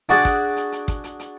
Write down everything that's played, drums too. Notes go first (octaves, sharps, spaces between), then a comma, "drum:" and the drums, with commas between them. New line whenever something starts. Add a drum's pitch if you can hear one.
D4 F#4 G#4 D5, drum: hi-hat
drum: kick, hi-hat
drum: hi-hat
drum: hi-hat
drum: kick, hi-hat
drum: hi-hat
drum: hi-hat